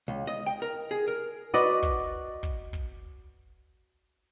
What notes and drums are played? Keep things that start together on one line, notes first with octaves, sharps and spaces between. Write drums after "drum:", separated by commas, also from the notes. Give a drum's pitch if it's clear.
C#2
D#5
G5
A#4
G#4
A#4
F#4 B4 D5 D#5
drum: kick
drum: kick
drum: kick